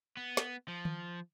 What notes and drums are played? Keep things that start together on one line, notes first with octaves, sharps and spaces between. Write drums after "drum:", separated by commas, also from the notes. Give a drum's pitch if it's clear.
B3
drum: snare
F3
drum: tom D#3